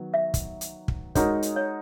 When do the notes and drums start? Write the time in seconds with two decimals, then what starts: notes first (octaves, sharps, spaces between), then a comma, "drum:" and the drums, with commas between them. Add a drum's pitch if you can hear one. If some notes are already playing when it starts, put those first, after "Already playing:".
Already playing: D#3 F#3 B3
0.14 E5
0.34 drum: kick, hi-hat
0.61 drum: hi-hat
0.88 drum: kick
1.15 G#3 D#4 F#4 A#4 C#5, drum: kick, hi-hat
1.42 drum: hi-hat
1.56 C#5